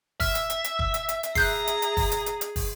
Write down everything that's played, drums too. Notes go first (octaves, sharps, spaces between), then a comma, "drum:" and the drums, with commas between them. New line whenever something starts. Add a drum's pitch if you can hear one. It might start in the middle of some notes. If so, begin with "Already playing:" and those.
E5 F6, drum: kick, open hi-hat
drum: hi-hat
drum: hi-hat
drum: hi-hat
drum: kick
drum: hi-hat
drum: hi-hat
drum: hi-hat
G#4 A#5 F#6 G6 C7, drum: kick, open hi-hat
drum: hi-hat
drum: hi-hat
drum: kick, open hi-hat
drum: hi-hat
drum: hi-hat
drum: hi-hat
drum: kick, open hi-hat